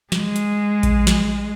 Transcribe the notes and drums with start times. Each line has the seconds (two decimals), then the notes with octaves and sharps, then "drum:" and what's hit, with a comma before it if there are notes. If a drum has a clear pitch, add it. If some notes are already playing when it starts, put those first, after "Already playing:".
0.12 G#3, drum: snare
0.36 drum: hi-hat
0.83 drum: kick A#1, hi-hat
1.07 drum: snare